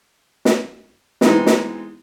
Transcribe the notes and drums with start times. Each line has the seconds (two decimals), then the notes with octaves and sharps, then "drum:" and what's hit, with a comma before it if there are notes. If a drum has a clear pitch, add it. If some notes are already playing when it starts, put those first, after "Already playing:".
0.45 drum: snare
1.21 E3 G#3 B3 C4 D#4, drum: snare
1.46 drum: snare